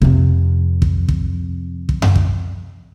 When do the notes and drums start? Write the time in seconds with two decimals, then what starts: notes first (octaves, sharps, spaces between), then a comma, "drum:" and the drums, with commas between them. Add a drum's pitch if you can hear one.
0.02 F2 C3, drum: kick
0.82 drum: kick
1.09 drum: kick
1.89 drum: kick
2.02 drum: tom F#2
2.16 drum: kick